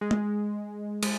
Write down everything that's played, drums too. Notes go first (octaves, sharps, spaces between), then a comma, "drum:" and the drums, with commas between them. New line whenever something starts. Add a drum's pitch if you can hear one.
G#3
drum: tom
G#3, drum: cymbal